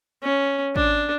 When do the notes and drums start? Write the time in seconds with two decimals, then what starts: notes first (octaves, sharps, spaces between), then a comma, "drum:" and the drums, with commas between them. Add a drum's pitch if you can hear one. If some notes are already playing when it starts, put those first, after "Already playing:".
0.23 C#4
0.76 D4, drum: kick